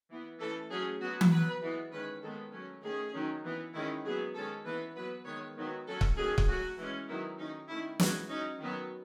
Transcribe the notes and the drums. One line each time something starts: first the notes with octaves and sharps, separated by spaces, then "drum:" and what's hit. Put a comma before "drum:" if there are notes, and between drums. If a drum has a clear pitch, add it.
E3 B3
E3 A3 C#4 A4
F#3 A3 C#4 G#4
F#3 B3 F#4
drum: tom E3
F#3 B3 B4
E3 G#3 B3
D#3 G#3 C#4 B4
D#3 G#3 B3 A4
F#3 A3 C#4
D#3 A3 C#4 G#4
D#3 F#3 C#4
E3 B3
D#3 G#3 C#4 E4
F#3 B3 G#4
D#3 G#3 C#4 A4
E3 B3 B4
F#3 B3 B4
D#3 G#3 B3 C#5
D#3 F#3 B3
F#3 C#4 A4
drum: kick
D#3 F#3 A3 C#4 G#4
drum: kick
F#3 A3 C#4 F#4
E3 G#3 C#4
D#3 F#3 B3 E4
D#3 A3 C#4 D#4
D#3 A3 C#4 E4
E3 G#3 C#4 F#4, drum: snare
F#3 C#4 D#4
D#3 F#3 B3